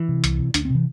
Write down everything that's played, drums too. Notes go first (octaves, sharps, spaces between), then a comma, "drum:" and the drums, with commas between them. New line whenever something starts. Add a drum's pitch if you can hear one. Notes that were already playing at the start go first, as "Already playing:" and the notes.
Already playing: E3
C3
C2, drum: hi-hat
C3
D2 D4, drum: hi-hat
C4
C3 E3